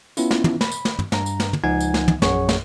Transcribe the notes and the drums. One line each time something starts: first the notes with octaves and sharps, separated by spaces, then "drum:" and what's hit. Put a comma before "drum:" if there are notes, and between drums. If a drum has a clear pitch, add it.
B3 C#4 E4 F4, drum: tambourine
drum: snare
drum: tom
B5, drum: snare
drum: tambourine
drum: snare
drum: tom
G2 A#5, drum: snare
drum: tambourine
drum: snare
drum: tom
C#2 F3 D#4 F#5 G#5 G#6
drum: tambourine
drum: snare
drum: tom
A#1 F#2 G#4 C#5 F#5 C#6, drum: snare
drum: snare